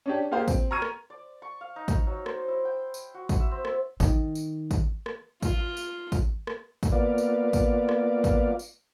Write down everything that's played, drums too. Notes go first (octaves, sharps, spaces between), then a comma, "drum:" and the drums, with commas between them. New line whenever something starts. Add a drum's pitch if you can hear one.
C#4 D4 G4
A#3 F4 G4 G#4 C5 F5
C4, drum: kick, tambourine
A#5 C#6 F6 G#6 D#7
drum: rim click
D5
C#6
F5
D#4
drum: kick, tambourine
F#3
C5, drum: rim click
E4
G5
drum: tambourine
F#4
drum: kick, tambourine
E5
C4
drum: rim click
D#3, drum: kick, tambourine
drum: tambourine
drum: kick, tambourine
drum: rim click
F4, drum: kick, tambourine
drum: tambourine
drum: kick, tambourine
drum: rim click
drum: kick, tambourine
A#3 B3 F4 D5
drum: tambourine
drum: kick, tambourine
drum: rim click
drum: kick, tambourine
drum: tambourine